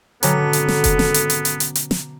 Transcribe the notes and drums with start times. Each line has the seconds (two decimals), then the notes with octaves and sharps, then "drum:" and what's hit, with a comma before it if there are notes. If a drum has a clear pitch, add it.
0.23 G#1 B2 D3 F#3 B3 C#4 A4 A#5, drum: hi-hat
0.53 drum: hi-hat
0.68 drum: snare
0.84 drum: kick F1, hi-hat
0.99 drum: snare
1.14 drum: hi-hat
1.30 drum: hi-hat
1.45 drum: hi-hat
1.60 drum: hi-hat
1.75 drum: hi-hat
1.91 drum: snare